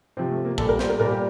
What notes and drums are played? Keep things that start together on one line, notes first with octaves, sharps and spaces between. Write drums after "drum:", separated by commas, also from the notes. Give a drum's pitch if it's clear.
C3 F3 C4
A3
A#3
A#2 G3 A4, drum: kick
A#4
C5, drum: snare
A#4
A#2 G3 A#4
G4